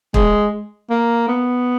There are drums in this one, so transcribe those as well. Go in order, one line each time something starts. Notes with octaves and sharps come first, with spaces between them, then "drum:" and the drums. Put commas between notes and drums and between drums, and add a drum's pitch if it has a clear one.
G#3, drum: kick
A#3
B3